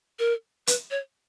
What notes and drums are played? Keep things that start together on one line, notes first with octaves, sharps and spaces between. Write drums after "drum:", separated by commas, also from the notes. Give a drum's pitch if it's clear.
A#4
B4, drum: hi-hat
C#5